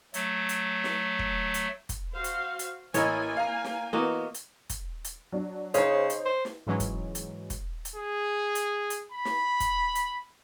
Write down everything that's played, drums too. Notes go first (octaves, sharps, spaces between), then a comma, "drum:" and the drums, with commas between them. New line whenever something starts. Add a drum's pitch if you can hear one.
F#3 A3, drum: hi-hat
drum: hi-hat
drum: snare
drum: kick
drum: hi-hat
drum: kick, hi-hat
F#4 C5 F5
drum: hi-hat
drum: hi-hat
A1 A#3 E4 A#4 C#5 D#5 G#5, drum: hi-hat
F5 A#5
drum: snare
E3 A#3 B3 F#4 D#5
drum: hi-hat
drum: kick, hi-hat
drum: hi-hat
F#3 D4
C#3 D#4 C5 C#5, drum: hi-hat
drum: hi-hat
C5
drum: snare
G#2 E3 F#3 G#3 C#4
drum: kick, hi-hat
drum: hi-hat
drum: kick, hi-hat
drum: hi-hat
G#4
drum: hi-hat
drum: hi-hat
B5
drum: snare
drum: kick, hi-hat
drum: hi-hat